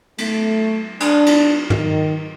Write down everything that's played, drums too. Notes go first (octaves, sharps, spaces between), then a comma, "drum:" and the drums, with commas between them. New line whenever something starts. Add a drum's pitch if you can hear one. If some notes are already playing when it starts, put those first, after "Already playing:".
A3, drum: cymbal
D4, drum: cymbal
drum: cymbal
D#3, drum: tom